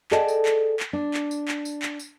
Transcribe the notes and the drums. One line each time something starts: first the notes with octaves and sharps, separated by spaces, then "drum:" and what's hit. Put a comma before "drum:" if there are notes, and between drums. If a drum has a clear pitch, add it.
G#4 A4 D5 D#5 G5 A5, drum: clap
drum: tambourine
drum: clap
drum: clap
D4
drum: clap
drum: tambourine
drum: clap
drum: tambourine
drum: clap
drum: tambourine